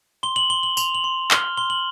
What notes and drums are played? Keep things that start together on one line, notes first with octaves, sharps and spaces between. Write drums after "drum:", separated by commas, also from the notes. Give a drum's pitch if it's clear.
C6 G7
F#7
C6 G7
F#7
C6 F7, drum: tambourine
F#7
C6
F6 G7, drum: clap
C6 G7
F#7